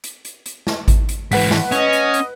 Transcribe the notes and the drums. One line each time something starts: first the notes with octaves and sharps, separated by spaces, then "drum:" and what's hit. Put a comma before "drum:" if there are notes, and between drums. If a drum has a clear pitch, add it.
drum: hi-hat
drum: hi-hat
drum: hi-hat
drum: snare
drum: kick G#1, hi-hat
drum: hi-hat
G#2 E3 B4 F#5 B6, drum: open hi-hat
drum: snare
C#4 D#5, drum: hi-hat
drum: hi-hat
drum: hi-hat